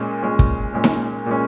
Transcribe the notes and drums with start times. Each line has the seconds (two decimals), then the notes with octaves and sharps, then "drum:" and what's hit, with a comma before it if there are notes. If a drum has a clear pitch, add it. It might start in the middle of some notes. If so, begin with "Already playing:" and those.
Already playing: A#2 G#3 C#4
0.23 A#2 G#3 C#4
0.39 drum: kick
0.74 A#2 G#3 C#4
0.84 drum: snare D#4
1.26 A#2 G#3 C#4